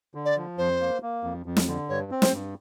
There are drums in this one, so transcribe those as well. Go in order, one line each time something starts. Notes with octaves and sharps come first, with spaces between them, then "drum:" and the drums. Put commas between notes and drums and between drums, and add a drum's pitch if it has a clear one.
D3
D5
F3
F2 C5
A#3
A#3
F2
F2
drum: snare
D3
G2 C#5
C4
C5, drum: snare
G2